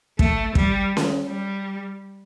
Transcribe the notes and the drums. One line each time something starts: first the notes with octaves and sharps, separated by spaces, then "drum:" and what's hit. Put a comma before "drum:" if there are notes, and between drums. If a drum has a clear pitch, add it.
A3, drum: kick
G3, drum: kick
drum: snare C#4
G3